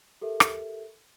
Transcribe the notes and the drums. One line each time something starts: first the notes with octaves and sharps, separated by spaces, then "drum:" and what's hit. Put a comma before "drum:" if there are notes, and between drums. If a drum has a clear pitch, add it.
G4 A4 A#4 E5
drum: rim click